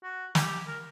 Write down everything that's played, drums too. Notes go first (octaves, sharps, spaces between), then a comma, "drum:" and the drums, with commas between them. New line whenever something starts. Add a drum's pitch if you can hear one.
F#4
G4, drum: snare
A#4